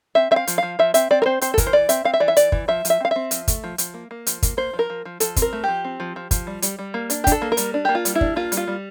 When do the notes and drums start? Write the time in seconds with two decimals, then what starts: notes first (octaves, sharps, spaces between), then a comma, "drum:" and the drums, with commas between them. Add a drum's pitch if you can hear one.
0.15 C4 E5
0.31 C4 E5
0.36 F5
0.47 F3, drum: hi-hat
0.58 F3 F5
0.79 F3 E5
0.94 C4 E5, drum: hi-hat
1.11 C4 D5
1.22 A#4
1.26 C4 C5
1.41 C4 C5, drum: hi-hat
1.54 A4
1.58 E3 A#4, drum: kick, hi-hat
1.67 C5
1.73 E3 D5
1.89 C4 E5, drum: hi-hat
2.05 C4 F5
2.14 E5
2.20 E3 D5
2.28 E5
2.36 E3 D5, drum: hi-hat
2.52 E3, drum: kick
2.68 F3 E5
2.85 F3, drum: hi-hat
2.90 E5
3.00 C4 F5
3.11 C4 E5
3.31 F3, drum: hi-hat
3.48 A3, drum: kick, hi-hat
3.64 F3
3.78 F3, drum: hi-hat
3.94 A#3
4.11 A#3
4.27 F3, drum: hi-hat
4.43 A#3, drum: kick, hi-hat
4.57 A#3 C5
4.73 F3
4.79 A#4
4.90 F3
5.05 F3
5.20 F3 A4, drum: hi-hat
5.36 C4, drum: kick, hi-hat
5.42 A#4
5.53 A3
5.64 F3 G4
5.84 C4
6.00 F3
6.16 F3
6.31 F3, drum: kick, hi-hat
6.47 G3
6.62 G3, drum: hi-hat
6.79 G3
6.94 A#3
7.10 D4, drum: hi-hat
7.24 G4
7.27 D4, drum: kick, hi-hat
7.32 A4
7.42 A#3
7.52 A#4
7.57 G3, drum: hi-hat
7.74 D4
7.85 A#3 G4
7.95 F4
8.05 G3, drum: hi-hat
8.15 E4
8.21 D4, drum: kick
8.36 A#3 F4
8.52 G3, drum: hi-hat
8.57 F4
8.68 G3